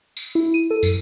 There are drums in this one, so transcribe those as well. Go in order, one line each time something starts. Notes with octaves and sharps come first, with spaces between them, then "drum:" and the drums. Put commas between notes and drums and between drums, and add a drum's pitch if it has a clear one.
drum: tambourine
E4
D#7
A4
F#2, drum: tambourine